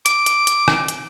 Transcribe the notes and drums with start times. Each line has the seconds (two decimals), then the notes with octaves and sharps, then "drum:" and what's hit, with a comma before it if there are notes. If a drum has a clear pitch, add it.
0.06 D6, drum: hi-hat
0.26 drum: hi-hat
0.47 drum: hi-hat
0.68 drum: rim click
0.88 drum: hi-hat